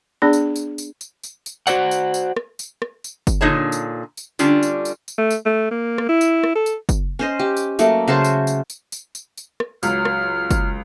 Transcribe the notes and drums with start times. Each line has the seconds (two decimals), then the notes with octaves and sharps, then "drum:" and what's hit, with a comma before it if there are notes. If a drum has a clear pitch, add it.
0.22 B3 D4 G#4 D5 B5
0.33 drum: tambourine
0.56 drum: tambourine
0.78 drum: tambourine
1.01 drum: tambourine
1.23 drum: tambourine
1.46 drum: tambourine
1.67 F#4 C5 D5 F#5, drum: tambourine
1.91 drum: tambourine
2.14 drum: tambourine
2.37 drum: rim click
2.59 drum: tambourine
2.82 drum: rim click
3.04 drum: tambourine
3.27 drum: kick F#1, tambourine
3.41 A#2 D3 D#4 G#4 C#5 A5
3.72 drum: tambourine
4.17 drum: tambourine
4.39 D3 G3 C#4 D4 F4, drum: tambourine
4.63 drum: tambourine
4.85 drum: tambourine
5.08 drum: tambourine
5.18 A3
5.30 drum: tambourine
5.45 A3
5.71 A#3
5.98 drum: rim click
6.09 E4
6.21 drum: tambourine
6.44 drum: rim click
6.56 A4
6.66 drum: tambourine
6.89 drum: kick F#1, tambourine
7.19 C#4 C5 D#5
7.39 G4
7.57 drum: tambourine
7.79 F#3 A3 A#3, drum: tambourine
8.08 C#3 F#4 C5 A5
8.24 drum: tambourine
8.47 drum: tambourine
8.70 drum: tambourine
8.92 drum: tambourine
9.15 drum: tambourine
9.37 drum: tambourine
9.60 drum: rim click
9.83 C#2 F#3 F6, drum: tambourine
10.05 drum: rim click
10.51 drum: kick F#1, tambourine